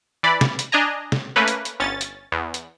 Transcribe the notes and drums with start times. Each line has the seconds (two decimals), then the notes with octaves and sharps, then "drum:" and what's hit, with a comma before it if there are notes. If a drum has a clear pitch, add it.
0.23 E3 D5 B5
0.41 drum: snare
0.59 drum: hi-hat
0.72 D4 D#5 G#5 A#5
1.12 drum: snare
1.36 A3 A#3 C#4 B4
1.48 drum: hi-hat
1.65 drum: hi-hat
1.80 G1 C#4 A6
2.01 drum: hi-hat
2.32 E2
2.54 drum: hi-hat